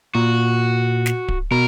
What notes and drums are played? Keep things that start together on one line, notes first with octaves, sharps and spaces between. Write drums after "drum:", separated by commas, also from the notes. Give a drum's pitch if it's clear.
A#2 F#4
drum: snare
drum: kick D1
B2 A#4